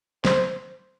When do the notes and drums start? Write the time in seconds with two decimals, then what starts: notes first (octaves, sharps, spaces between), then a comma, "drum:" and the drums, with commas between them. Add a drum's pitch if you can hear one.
0.25 C5, drum: snare